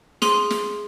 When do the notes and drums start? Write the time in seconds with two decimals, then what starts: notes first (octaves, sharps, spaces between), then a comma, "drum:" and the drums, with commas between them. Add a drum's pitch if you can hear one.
0.22 G#4 C6 D#7 G7, drum: snare
0.50 drum: snare